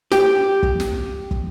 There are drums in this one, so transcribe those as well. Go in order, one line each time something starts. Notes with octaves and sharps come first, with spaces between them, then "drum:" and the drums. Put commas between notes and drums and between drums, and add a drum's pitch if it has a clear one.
G4, drum: snare
drum: kick
drum: snare
drum: kick